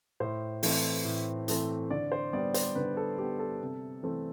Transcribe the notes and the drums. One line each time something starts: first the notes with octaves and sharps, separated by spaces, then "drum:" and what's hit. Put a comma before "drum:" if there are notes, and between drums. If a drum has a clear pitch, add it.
A2 C5
E3 A3 C4, drum: open hi-hat
A2
E3 A3 C4, drum: hi-hat
D3 D5
C5
G3 B3 D5
C5, drum: hi-hat
D3 B4
A4
G3 B3 G4
A4
C3
E3 A3 C4